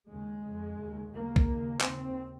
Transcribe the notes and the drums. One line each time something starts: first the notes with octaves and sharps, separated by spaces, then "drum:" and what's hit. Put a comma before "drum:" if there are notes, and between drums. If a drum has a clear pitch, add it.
D#2 C#3 G#3
F2 C#3
D#2 C#3
D#2 C#3 A#3
drum: kick B1
D#2 C#3
D#2 C#3 C4, drum: clap